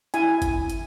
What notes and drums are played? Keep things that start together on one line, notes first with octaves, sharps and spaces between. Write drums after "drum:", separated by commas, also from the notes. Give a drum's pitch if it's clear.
E4 G#5, drum: hi-hat
drum: kick G1, hi-hat
drum: hi-hat